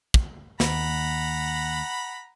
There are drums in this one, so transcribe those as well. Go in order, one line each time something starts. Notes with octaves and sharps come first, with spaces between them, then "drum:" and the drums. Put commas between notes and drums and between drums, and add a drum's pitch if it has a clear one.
drum: kick
D#2 F#5 A#5 B5, drum: snare